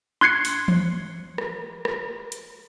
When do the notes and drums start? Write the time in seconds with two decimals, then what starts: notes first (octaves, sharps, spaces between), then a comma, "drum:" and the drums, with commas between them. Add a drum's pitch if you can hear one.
0.21 C6 F#6 G#6 C7 C#7
0.45 drum: open hi-hat
0.68 drum: tom E3
1.38 drum: rim click
1.85 drum: rim click
2.32 drum: hi-hat